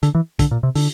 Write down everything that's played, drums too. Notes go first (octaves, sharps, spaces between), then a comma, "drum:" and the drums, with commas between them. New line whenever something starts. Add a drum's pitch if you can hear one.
D3, drum: hi-hat
E3
D3, drum: kick, hi-hat
A#2
C3
D3, drum: open hi-hat